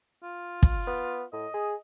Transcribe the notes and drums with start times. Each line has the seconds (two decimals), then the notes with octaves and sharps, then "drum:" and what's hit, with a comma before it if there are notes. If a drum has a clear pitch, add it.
0.23 F4
0.63 drum: kick
0.87 B3
1.33 A2 D#5
1.54 G#4